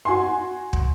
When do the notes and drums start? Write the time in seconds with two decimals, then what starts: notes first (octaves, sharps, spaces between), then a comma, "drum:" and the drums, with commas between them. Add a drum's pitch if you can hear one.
0.05 F#4 G#5 C6
0.73 drum: kick